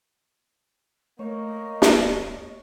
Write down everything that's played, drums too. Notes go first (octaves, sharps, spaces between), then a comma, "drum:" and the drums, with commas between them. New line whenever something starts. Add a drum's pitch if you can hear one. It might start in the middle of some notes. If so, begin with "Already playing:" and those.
A3 A#3 C#5 D#5
drum: snare